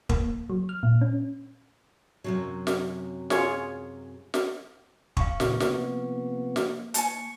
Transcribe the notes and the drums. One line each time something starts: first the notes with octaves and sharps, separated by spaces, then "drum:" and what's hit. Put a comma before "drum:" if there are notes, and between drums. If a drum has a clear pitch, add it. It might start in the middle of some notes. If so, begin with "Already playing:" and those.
A#3, drum: kick
F#3
F6
A#2
C#4
F#2 C3 F#3
drum: snare
F4 G#4 C#5, drum: snare
drum: snare
F5 C#6, drum: kick
A#2 C#3 E3 A#3, drum: snare
C3 F3 B3, drum: snare
drum: snare
G#5 A5 C#6, drum: hi-hat